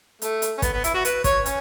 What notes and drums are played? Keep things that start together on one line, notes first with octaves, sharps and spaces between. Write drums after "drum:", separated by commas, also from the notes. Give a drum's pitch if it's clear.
A3, drum: hi-hat
drum: hi-hat
C#4
B3, drum: kick, hi-hat
B3
E4, drum: hi-hat
F#4
B4, drum: hi-hat
C#5, drum: kick, hi-hat
C#4, drum: hi-hat